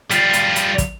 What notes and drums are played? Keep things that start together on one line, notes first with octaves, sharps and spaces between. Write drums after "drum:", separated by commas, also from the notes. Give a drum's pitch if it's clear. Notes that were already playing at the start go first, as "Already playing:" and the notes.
G3 F4, drum: hi-hat
drum: hi-hat
drum: hi-hat
drum: kick, hi-hat